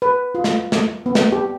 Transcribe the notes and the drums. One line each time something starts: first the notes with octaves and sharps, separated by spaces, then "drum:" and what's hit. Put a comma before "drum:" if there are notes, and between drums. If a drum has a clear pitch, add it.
B4
F4
drum: snare
drum: snare
B3
drum: snare
G4